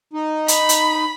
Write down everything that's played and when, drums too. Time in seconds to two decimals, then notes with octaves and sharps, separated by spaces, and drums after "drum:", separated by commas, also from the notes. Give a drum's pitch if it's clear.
0.13 D#4
0.48 B5, drum: hi-hat
0.69 drum: hi-hat